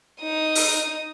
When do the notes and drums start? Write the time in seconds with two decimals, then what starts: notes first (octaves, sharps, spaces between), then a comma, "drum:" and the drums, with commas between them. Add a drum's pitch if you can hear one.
0.22 D#4 D#6
0.55 drum: open hi-hat